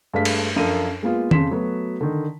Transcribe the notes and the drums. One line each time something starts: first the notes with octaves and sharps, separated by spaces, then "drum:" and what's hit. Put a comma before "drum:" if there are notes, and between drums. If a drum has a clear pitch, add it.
G2 G#3 A3 D4 F5 B6
drum: cymbal
F#2 F3 D4 A4 A#4 D#7
G#3 A#3 B3 F4
F2 C#3 C6 B6 E7, drum: tom D#3
F#3 A3 B3 F#4
D3 D#3